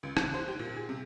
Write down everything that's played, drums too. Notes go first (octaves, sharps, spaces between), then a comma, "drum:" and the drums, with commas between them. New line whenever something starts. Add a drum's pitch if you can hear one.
C#2
F#6, drum: rim click
C5
G4
A#2
G#4
C3